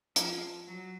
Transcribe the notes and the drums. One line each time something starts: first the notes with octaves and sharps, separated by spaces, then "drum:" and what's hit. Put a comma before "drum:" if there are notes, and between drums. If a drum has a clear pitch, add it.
F3, drum: hi-hat
F#3